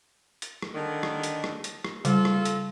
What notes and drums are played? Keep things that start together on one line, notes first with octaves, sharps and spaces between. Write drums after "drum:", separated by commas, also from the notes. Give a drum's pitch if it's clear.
drum: hi-hat
drum: rim click
D3 D#3
drum: rim click
drum: hi-hat
drum: rim click
drum: hi-hat
drum: rim click
C#3 G3 F4 A4, drum: hi-hat
drum: rim click
drum: hi-hat